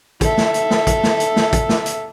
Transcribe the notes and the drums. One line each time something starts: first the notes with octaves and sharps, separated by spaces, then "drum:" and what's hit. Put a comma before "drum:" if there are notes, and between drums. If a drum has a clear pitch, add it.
A4 E5, drum: kick, hi-hat
drum: snare
drum: hi-hat
drum: snare
drum: kick, hi-hat
drum: snare
drum: hi-hat
drum: snare
drum: kick, hi-hat
drum: snare
drum: hi-hat